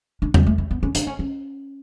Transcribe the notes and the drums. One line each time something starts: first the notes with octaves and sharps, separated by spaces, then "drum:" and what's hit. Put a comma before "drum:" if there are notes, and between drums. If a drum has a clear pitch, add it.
D4
F#3, drum: tom E2
A3
A3
B3
C#4
D4, drum: hi-hat
C#4
C#4